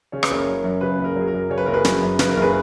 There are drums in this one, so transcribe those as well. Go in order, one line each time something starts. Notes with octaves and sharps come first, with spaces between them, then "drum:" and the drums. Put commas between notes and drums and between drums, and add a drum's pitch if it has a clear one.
C#3 C#5
B4, drum: rim click
F#1 A#4 C#5
F#3
F#2
C#3 G#4 B4
F#1
A#4
F#3 G#4
A#4
F#2
C#3 C#5
B4
F#1 A#4
G#4 B4
F#3, drum: snare
F#2
C#3 B4, drum: snare
A#4
F#1
G#4 B4